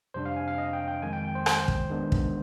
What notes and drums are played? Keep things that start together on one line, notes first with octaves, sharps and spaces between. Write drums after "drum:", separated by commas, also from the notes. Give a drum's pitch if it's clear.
F2 C3 G3 D4 C5
F5
G#5
F5
D#5
G5
G5
F2 D#3 G#3 G#5
G5
G5
C5
C5, drum: rim click
drum: kick
D#3 G#3 B3 D4
drum: kick